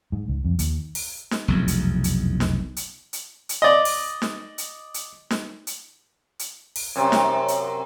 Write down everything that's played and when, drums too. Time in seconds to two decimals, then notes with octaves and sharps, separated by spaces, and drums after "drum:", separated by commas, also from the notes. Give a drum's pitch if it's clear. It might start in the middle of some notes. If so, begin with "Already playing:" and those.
0.12 G#2
0.28 C#2
0.44 F2
0.59 D#2, drum: hi-hat
0.95 drum: open hi-hat
1.31 drum: snare
1.48 F1 B1 E2
1.68 drum: hi-hat
2.04 drum: hi-hat
2.40 drum: snare
2.76 drum: hi-hat
3.13 drum: hi-hat
3.49 drum: hi-hat
3.62 D5 D#5
3.85 drum: open hi-hat
4.22 drum: snare
4.58 drum: hi-hat
4.94 drum: hi-hat
5.31 drum: snare
5.67 drum: hi-hat
6.39 drum: hi-hat
6.76 drum: open hi-hat
6.96 F#2 C3
7.12 drum: snare
7.48 drum: hi-hat